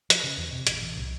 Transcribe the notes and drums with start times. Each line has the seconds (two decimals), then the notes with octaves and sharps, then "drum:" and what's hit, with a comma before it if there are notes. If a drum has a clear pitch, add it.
0.10 F3, drum: hi-hat
0.24 C#3
0.38 E2
0.53 C3
0.67 A1, drum: hi-hat
0.81 A1
0.97 C2